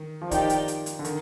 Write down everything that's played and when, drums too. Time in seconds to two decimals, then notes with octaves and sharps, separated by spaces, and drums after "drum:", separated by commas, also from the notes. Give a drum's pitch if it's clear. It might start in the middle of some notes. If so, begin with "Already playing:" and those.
Already playing: D#3
0.22 F3
0.31 D#3 D#4 G4 D5 G5, drum: kick, hi-hat
0.49 drum: hi-hat
0.68 drum: hi-hat
0.86 drum: hi-hat
0.99 D3
1.05 D#3, drum: hi-hat